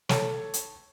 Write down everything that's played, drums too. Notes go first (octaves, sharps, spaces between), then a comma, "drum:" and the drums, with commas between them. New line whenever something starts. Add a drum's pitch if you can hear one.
A4 C#5, drum: snare
drum: hi-hat